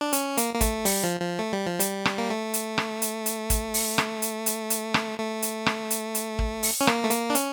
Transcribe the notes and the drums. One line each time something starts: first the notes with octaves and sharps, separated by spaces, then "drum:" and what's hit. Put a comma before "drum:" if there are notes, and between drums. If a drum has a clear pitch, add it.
D4
C#4, drum: hi-hat
A#3, drum: hi-hat
A#3
A3, drum: kick, hi-hat
G3, drum: open hi-hat
F3
F3
A3
G3
F3
G3, drum: hi-hat
drum: rim click
A#3
A3
drum: hi-hat
drum: rim click
drum: hi-hat
drum: hi-hat
drum: kick, hi-hat
drum: open hi-hat
drum: rim click
drum: hi-hat
drum: hi-hat
drum: hi-hat
drum: rim click
A3
drum: hi-hat
drum: rim click
drum: hi-hat
drum: hi-hat
drum: kick
drum: open hi-hat
C#4
A#3, drum: rim click
A3
A#3, drum: hi-hat
D4
C#4, drum: hi-hat